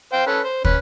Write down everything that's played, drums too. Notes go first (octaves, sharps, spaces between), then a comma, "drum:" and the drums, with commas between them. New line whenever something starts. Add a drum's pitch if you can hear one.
C5 F5 G5
C#4 A4 B4
C5
C#4 B4, drum: kick